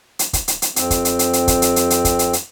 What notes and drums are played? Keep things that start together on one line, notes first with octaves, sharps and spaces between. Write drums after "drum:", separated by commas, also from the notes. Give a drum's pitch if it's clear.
drum: hi-hat
drum: kick, hi-hat
drum: hi-hat
drum: hi-hat
F2 C4, drum: hi-hat
drum: kick, hi-hat
drum: hi-hat
drum: hi-hat
drum: hi-hat
drum: kick, hi-hat
drum: hi-hat
drum: hi-hat
drum: hi-hat
drum: kick, hi-hat
drum: hi-hat
drum: hi-hat